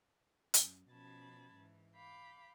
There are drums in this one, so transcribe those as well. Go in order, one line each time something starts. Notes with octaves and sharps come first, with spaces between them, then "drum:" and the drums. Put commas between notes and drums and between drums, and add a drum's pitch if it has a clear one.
F#2, drum: hi-hat
B2 F3 C#4 A5 B5 G#6
G#2 E3
F5 B5 D6 G6